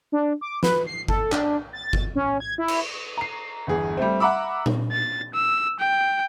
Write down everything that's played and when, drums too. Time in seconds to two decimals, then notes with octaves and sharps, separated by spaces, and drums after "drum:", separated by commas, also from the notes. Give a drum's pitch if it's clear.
0.12 D4
0.41 D6
0.63 B4, drum: snare
0.87 C7
1.08 A4, drum: kick G1
1.32 D4, drum: clap
1.73 A6
1.93 drum: kick G1
2.15 C#4
2.40 G#6
2.58 E4
2.68 drum: cymbal
3.18 A#5 C7
3.67 G1 E2 G#4
3.97 G3 A3 C4
4.20 E5 F#5 A#5 B5 D6 E6
4.66 drum: tom A#2
4.92 A6
5.34 E6
5.80 G5